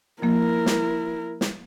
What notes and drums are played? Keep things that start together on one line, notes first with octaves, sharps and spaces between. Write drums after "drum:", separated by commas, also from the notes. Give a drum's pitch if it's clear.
F3 A#3 E4 A#4
drum: snare
drum: snare